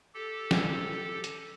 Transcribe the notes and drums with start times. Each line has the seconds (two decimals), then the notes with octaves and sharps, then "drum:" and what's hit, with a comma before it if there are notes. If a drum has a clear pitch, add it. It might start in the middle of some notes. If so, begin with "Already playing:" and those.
0.14 G4 A4
0.51 drum: snare
1.24 drum: hi-hat